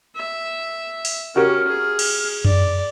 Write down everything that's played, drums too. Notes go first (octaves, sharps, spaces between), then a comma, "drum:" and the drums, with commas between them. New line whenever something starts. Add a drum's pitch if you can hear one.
E5
drum: open hi-hat
C#4 F#4 G4 A#4 F6
G#4
drum: cymbal
D5, drum: tom F#2